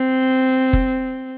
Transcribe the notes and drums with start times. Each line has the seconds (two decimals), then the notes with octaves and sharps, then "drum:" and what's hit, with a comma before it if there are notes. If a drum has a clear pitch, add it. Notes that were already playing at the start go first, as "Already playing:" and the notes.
Already playing: C4
0.73 drum: kick F#1